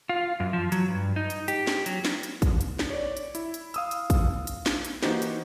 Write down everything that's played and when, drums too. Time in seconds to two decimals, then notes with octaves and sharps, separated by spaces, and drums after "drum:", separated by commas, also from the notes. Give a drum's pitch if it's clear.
0.09 F4
0.40 F#2
0.53 F3
0.72 F#3, drum: hi-hat
0.88 G2
1.16 D#4
1.30 drum: hi-hat
1.48 G4, drum: hi-hat
1.67 drum: snare
1.86 F#3, drum: hi-hat
2.05 drum: snare
2.23 drum: hi-hat
2.42 drum: kick, hi-hat
2.61 drum: hi-hat
2.79 drum: snare
2.90 C#5 D5
3.17 drum: hi-hat
3.35 E4, drum: hi-hat
3.54 drum: hi-hat
3.74 F5 D#6 E6, drum: hi-hat
3.91 drum: hi-hat
4.10 drum: kick, hi-hat
4.47 drum: hi-hat
4.66 drum: snare
4.85 drum: hi-hat
5.03 E3 A#3 D#4 F#4 G4 C5, drum: snare
5.22 drum: hi-hat